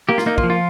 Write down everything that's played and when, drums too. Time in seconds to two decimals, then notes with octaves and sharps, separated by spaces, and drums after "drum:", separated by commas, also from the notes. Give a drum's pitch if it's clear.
0.09 A#3 G4
0.18 F4, drum: snare
0.26 A#3 D#4
0.38 F4, drum: kick
0.43 F3
0.50 F4